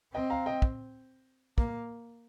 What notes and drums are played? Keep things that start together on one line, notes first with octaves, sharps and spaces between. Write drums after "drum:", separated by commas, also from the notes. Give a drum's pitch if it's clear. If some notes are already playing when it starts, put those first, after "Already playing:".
C4 D#5 G5
F5 A#5
D#5 G5
drum: kick
A#3, drum: kick